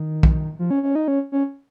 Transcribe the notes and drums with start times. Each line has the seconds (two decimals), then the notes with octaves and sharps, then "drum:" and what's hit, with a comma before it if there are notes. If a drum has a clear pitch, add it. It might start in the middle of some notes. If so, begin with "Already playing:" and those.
Already playing: D#3
0.23 drum: kick
0.59 F3
0.71 C#4
0.83 C#4
0.95 D#4
1.08 C#4
1.32 C#4